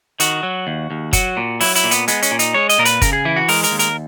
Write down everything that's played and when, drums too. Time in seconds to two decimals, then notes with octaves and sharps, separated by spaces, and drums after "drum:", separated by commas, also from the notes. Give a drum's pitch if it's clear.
0.20 D#3 F#4, drum: hi-hat
0.43 F#3
0.67 D#2
0.91 D#2
1.13 F#3 F#4, drum: kick F#1, hi-hat
1.37 A#2
1.61 F#3 E4, drum: open hi-hat
1.75 E4, drum: hi-hat
1.84 A#2
1.91 B3, drum: hi-hat
2.08 G#3 B3, drum: hi-hat
2.22 C#4, drum: hi-hat
2.31 A#2
2.39 D#4, drum: hi-hat
2.54 G#3 C#5
2.69 D#5, drum: hi-hat
2.78 A#2 A#4
2.85 B4, drum: hi-hat
3.02 C#3 A#4, drum: kick F#1, hi-hat
3.13 G#4
3.25 E3 E4
3.36 F#4
3.48 G#3 A#4, drum: open hi-hat
3.64 A#4, drum: hi-hat
3.72 D#2
3.79 A#4, drum: hi-hat